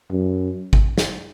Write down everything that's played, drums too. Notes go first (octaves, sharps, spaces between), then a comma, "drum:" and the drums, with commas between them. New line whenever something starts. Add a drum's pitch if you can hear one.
F#2
drum: kick
drum: snare